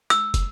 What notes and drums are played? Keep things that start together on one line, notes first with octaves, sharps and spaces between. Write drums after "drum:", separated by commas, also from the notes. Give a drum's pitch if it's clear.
E6, drum: hi-hat
drum: kick, hi-hat